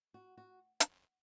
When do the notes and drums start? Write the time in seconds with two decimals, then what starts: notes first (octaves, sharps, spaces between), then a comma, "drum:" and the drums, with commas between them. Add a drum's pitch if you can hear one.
0.14 F#4
0.38 F#4
0.80 drum: hi-hat